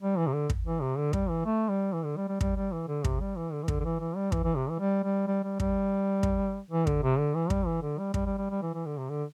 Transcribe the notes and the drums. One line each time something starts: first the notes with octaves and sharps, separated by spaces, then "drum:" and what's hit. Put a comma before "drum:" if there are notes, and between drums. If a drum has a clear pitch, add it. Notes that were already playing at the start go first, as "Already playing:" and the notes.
G3
E3
C3
D3
drum: kick
E3
C3
D3
G3, drum: kick
E3
A3
G3
E3
D3
G3
G3
G3, drum: kick
G3
E3
D3
C3, drum: kick
G3
E3
D3
E3
D3, drum: kick
D3
E3
E3
G3
E3, drum: kick
E3
C3
E3
G3
G3
G3
G3
G3, drum: kick
drum: kick
E3
D3, drum: kick
C3
D3
E3
G3, drum: kick
E3
D3
G3
G3, drum: kick
G3
G3
G3
E3
E3
D3
C3
D3